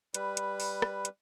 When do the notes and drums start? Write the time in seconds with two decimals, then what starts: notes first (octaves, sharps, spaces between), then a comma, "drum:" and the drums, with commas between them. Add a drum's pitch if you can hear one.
0.14 G3 B4, drum: hi-hat
0.37 drum: hi-hat
0.60 drum: open hi-hat
0.82 drum: rim click
1.05 drum: hi-hat